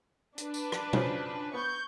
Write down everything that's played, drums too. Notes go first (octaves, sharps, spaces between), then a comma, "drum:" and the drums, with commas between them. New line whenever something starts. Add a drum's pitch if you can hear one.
D4 B4, drum: hi-hat
drum: tambourine
drum: rim click
C#3 F3 F#3, drum: tom
B3 C#6 G6